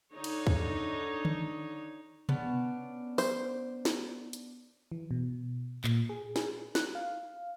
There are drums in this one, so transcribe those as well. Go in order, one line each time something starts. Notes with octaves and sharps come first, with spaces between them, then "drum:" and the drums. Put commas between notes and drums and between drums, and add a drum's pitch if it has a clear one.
D3 D#4 C#5
drum: cymbal
drum: kick
drum: tom D3
B3 C#4 D4, drum: tom B2
C5, drum: open hi-hat
drum: snare
drum: hi-hat
E3
B2
A#2, drum: clap
G#4
G#4, drum: snare
F#6, drum: snare
F5